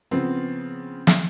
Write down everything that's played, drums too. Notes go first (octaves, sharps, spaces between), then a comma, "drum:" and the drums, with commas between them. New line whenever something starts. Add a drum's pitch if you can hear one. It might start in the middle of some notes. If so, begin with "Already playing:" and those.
C#3 F3 B3 C4
drum: snare